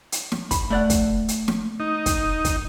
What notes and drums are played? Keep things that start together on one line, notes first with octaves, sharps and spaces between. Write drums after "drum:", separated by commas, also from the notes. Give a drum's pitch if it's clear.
drum: hi-hat
drum: snare
B5, drum: kick, hi-hat
A3 D5 F#5
drum: kick, hi-hat
drum: hi-hat
drum: snare
D#4
drum: kick, hi-hat
drum: kick, hi-hat